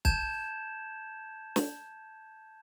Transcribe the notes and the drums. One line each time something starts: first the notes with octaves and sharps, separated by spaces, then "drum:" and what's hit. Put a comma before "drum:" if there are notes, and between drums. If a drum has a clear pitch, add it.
A5 G6 G#6 E7, drum: kick
drum: snare